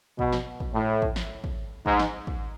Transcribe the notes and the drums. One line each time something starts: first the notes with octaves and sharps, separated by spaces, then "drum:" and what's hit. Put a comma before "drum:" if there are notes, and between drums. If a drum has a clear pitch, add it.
B2, drum: kick
drum: snare
drum: kick
A2
drum: kick
drum: snare
drum: kick
G#2, drum: kick
drum: snare
drum: kick